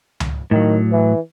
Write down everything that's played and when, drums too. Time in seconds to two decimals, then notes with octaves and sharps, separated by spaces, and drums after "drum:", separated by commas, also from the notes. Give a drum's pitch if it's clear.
0.20 drum: tom C#2
0.51 A2 D#3 F#3
0.92 E3